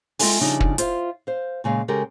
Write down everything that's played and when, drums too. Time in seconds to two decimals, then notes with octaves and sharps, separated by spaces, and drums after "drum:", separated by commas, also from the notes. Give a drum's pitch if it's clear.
0.19 G#3 C4 F4 A4 E5 G#5, drum: open hi-hat
0.41 C#3 F3 G3 D4 D#4
0.60 drum: kick
0.78 F4 C5 E5 F5, drum: hi-hat
1.27 C5 F5
1.64 A#2 C#3 G#3 F5
1.88 C#3 G#3 G4 A4 A#4